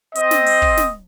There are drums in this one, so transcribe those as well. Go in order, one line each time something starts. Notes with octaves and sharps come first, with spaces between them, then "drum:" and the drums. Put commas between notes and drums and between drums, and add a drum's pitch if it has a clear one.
C4 D#5, drum: hi-hat
drum: snare
drum: open hi-hat
drum: kick
drum: snare